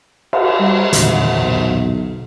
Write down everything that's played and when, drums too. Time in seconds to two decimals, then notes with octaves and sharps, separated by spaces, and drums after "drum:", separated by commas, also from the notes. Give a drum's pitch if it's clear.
0.33 drum: cymbal
0.60 G3
0.93 G#1 E2 A#2 D3, drum: hi-hat
1.39 B1